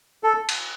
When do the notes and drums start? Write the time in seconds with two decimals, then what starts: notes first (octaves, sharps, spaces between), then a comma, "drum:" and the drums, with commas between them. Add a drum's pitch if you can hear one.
0.23 A4
0.49 drum: cymbal